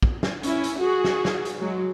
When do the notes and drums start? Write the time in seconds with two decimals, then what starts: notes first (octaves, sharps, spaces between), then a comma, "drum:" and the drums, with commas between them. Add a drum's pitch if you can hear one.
0.03 drum: kick
0.23 drum: snare
0.43 C#4 E4, drum: hi-hat
0.64 drum: hi-hat
0.80 F#4 G#4
1.05 drum: snare
1.25 drum: snare
1.45 drum: hi-hat
1.59 F#3 G#3